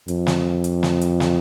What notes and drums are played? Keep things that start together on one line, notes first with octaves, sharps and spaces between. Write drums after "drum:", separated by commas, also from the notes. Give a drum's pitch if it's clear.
F2, drum: hi-hat
drum: snare
drum: hi-hat
drum: snare
drum: hi-hat
drum: snare